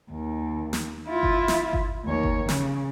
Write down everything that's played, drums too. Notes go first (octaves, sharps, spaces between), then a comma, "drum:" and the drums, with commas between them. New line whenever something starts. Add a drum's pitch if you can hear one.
D#2
drum: snare
E4 F4
drum: kick G1
drum: snare
drum: kick G1
D#2 C#5
drum: kick G1
C#3, drum: snare